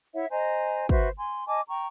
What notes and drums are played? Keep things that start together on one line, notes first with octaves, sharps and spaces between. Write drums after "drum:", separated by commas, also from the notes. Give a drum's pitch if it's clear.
E4 C#5 E5 F#5
C5 D#5 G#5 A#5
F#4 B4 C5 E5, drum: kick
G#5 C6
D#5 G#5 A5 D6
G5 A#5 C#6